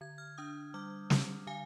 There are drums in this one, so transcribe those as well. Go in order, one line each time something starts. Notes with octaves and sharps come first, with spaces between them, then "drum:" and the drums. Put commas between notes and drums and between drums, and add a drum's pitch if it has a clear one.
D3 G#6
F6 G#6
D4 D#6 G6
G3 D6 F6
G3, drum: snare
D3 F5 G#5